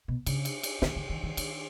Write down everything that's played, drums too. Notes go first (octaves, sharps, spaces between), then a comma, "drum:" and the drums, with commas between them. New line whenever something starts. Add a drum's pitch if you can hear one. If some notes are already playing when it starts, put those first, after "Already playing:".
B2
C#3, drum: cymbal
drum: cymbal
drum: cymbal
D3, drum: snare
D3
D#3
D#3
D#3, drum: cymbal